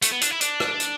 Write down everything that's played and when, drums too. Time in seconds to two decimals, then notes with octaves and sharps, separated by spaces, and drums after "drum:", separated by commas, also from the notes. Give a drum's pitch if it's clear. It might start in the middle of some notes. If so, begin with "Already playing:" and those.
0.02 A3, drum: hi-hat
0.12 B3
0.21 D4, drum: hi-hat
0.31 E4
0.41 D4, drum: hi-hat
0.60 drum: rim click
0.80 drum: hi-hat